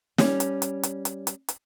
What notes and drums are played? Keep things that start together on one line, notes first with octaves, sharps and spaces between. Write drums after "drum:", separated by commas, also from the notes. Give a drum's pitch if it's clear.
G3 C#4, drum: snare
drum: hi-hat
drum: hi-hat
drum: hi-hat
drum: hi-hat
drum: hi-hat
drum: hi-hat